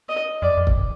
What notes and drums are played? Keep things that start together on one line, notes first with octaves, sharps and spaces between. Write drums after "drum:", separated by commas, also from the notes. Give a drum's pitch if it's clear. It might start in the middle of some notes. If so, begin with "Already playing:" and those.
D#5
F2 D5
F2
drum: kick C#1